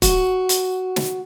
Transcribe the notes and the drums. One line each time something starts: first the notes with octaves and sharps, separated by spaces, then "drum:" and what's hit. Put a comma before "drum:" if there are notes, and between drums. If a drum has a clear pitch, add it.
F#4, drum: kick, hi-hat
drum: hi-hat
drum: snare